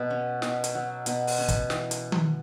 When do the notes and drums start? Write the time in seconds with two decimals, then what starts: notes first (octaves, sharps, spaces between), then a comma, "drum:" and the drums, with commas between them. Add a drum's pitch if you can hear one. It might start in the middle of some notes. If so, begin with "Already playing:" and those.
Already playing: B2 F#3
0.10 C#4
0.42 B2, drum: snare
0.64 drum: hi-hat
0.75 F#3
1.06 B2, drum: hi-hat
1.27 drum: open hi-hat
1.39 C#4
1.49 drum: kick, hi-hat
1.70 E3, drum: snare
1.91 drum: hi-hat
2.12 drum: tom D#3